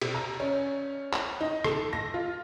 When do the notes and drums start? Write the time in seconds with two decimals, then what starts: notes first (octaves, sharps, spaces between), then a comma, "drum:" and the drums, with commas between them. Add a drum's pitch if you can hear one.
0.01 C3, drum: cymbal
0.14 A#5
0.40 C#4
1.13 drum: clap
1.41 D#4
1.64 A4, drum: rim click
1.93 A#6
2.14 F4